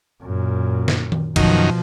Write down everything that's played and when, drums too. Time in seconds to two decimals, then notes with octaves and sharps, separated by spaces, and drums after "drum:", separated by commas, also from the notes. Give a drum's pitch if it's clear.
0.23 F#2 A#2
0.88 drum: snare
1.12 drum: tom D#3
1.36 F#2 B2 D#3 F3, drum: kick, cymbal